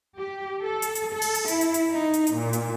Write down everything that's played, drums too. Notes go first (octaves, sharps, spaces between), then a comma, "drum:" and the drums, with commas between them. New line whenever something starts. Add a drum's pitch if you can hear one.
G4
A4
drum: hi-hat
drum: hi-hat
A4
drum: open hi-hat
drum: hi-hat
E4, drum: hi-hat
drum: hi-hat
drum: hi-hat
D#4
drum: hi-hat
drum: hi-hat
A#2
drum: hi-hat